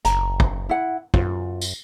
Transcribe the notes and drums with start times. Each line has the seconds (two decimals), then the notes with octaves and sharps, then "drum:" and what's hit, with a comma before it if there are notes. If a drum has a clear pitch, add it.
0.05 F#1 A#5, drum: hi-hat
0.40 drum: kick
0.69 E4 F#5
1.14 F#2 F4, drum: kick
1.62 drum: tambourine